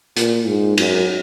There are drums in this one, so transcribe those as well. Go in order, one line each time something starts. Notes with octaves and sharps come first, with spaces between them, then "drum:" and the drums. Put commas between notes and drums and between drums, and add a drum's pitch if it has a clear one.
A#2, drum: hi-hat
G#2
F#2, drum: cymbal